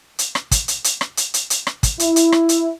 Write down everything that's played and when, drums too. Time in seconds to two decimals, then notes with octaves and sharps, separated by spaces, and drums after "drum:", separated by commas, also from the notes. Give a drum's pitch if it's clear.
0.19 drum: hi-hat
0.35 drum: rim click
0.51 drum: kick, hi-hat
0.68 drum: hi-hat
0.84 drum: hi-hat
1.01 drum: rim click
1.17 drum: hi-hat
1.34 drum: hi-hat
1.50 drum: hi-hat
1.67 drum: rim click
1.83 drum: kick, hi-hat
1.99 E4, drum: hi-hat
2.16 drum: hi-hat
2.32 drum: rim click
2.49 drum: hi-hat